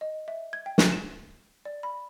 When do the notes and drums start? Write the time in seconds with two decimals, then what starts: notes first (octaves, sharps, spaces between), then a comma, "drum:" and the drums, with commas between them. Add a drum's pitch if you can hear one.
0.01 D#5
0.28 E5
0.53 G#6
0.66 G5
0.78 drum: snare
0.92 E7
1.65 D5
1.83 B5